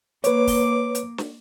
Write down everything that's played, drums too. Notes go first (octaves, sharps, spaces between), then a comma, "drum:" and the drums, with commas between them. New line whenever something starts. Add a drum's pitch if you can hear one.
A#3 B4 C#5 D6, drum: hi-hat
drum: kick, open hi-hat
drum: hi-hat
drum: snare